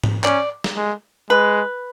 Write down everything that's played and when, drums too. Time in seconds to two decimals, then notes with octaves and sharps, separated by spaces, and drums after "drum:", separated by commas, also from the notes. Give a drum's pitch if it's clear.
0.04 drum: tom G#2
0.24 C#4 D5, drum: clap
0.64 drum: snare
0.77 G#3
1.30 G#3 B4